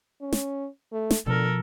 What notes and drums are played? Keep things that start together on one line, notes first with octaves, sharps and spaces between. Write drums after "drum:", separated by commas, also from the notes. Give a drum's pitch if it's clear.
C#4
drum: snare
A3
drum: snare
B2 D3 F3 A4 A#4